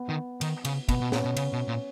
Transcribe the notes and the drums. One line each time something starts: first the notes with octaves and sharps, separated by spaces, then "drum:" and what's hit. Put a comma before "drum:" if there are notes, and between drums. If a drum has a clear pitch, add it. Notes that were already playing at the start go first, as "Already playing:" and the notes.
Already playing: B3
D#3
D#3, drum: cymbal
C#3, drum: cymbal
B2 B3, drum: kick, cymbal
B2
A#2 C#4, drum: snare
B2
C#3, drum: cymbal
B2
A#2